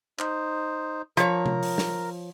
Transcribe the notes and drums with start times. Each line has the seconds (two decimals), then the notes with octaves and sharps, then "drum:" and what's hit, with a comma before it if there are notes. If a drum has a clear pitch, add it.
0.19 D#4 C5, drum: clap
1.17 F3 A#4 C#5, drum: hi-hat
1.46 drum: tom C3
1.63 drum: open hi-hat
1.78 drum: snare